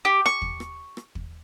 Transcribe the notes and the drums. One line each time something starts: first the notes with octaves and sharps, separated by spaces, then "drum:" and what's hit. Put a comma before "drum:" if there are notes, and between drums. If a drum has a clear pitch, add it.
G4
C#6, drum: rim click
drum: kick
drum: rim click
drum: rim click
drum: kick